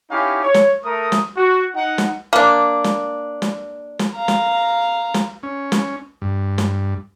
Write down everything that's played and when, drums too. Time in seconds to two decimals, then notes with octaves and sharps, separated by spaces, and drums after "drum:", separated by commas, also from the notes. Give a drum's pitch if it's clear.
0.11 C#4 D#4 E4 G4 F5
0.43 C#5
0.54 drum: snare
0.84 A3 A#4 A#5 D#6
1.12 drum: snare
1.37 F#4
1.76 D#4 F#5
1.98 drum: snare
2.33 A#3 D4
2.84 drum: snare
3.42 drum: snare
3.99 drum: snare
4.16 F5 A#5
4.28 drum: snare
5.14 drum: snare
5.43 C#4
5.72 drum: snare
6.22 G2
6.58 drum: snare